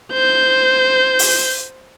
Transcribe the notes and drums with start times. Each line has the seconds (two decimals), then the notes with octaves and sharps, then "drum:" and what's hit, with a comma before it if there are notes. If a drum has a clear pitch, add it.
0.13 C5 G6
1.19 drum: open hi-hat